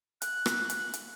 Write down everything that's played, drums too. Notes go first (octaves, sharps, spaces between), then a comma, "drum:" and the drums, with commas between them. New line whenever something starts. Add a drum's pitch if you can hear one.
F#6, drum: hi-hat
drum: rim click
drum: hi-hat
drum: hi-hat